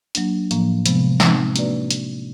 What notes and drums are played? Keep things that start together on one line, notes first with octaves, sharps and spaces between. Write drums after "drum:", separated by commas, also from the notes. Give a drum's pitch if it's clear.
F#3 A#3 D4, drum: hi-hat
A2 F3 A#3, drum: hi-hat
C3 F3 G#3 B3, drum: hi-hat
G#3 C4 D#4, drum: snare
A#3 D4 F#4 B4 D5, drum: hi-hat
drum: hi-hat